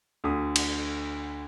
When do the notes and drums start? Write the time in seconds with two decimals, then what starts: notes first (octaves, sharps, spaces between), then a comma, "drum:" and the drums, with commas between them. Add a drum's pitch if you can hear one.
0.24 D2 D3 D#6
0.56 drum: cymbal